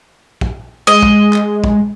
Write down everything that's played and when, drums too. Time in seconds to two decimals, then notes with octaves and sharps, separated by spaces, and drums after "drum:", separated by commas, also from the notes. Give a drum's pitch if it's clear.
0.41 drum: kick
0.87 G#3 D#5
1.03 drum: kick
1.33 drum: clap
1.64 drum: kick